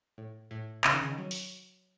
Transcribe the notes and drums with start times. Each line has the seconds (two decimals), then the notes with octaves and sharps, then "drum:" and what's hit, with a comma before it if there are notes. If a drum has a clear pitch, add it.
0.18 A2
0.51 A2
0.84 C#3, drum: clap
0.93 D#3
1.01 C#3
1.10 D#3
1.18 F#3
1.31 drum: open hi-hat